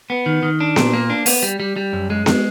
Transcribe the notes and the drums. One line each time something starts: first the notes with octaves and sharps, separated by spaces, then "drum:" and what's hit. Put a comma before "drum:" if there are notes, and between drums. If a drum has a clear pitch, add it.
B3
D#3
D#3
D4
A#2, drum: snare B3
A#3
D4
B3, drum: open hi-hat
G3
G3
G3
F#2
G#3
G#3, drum: snare B3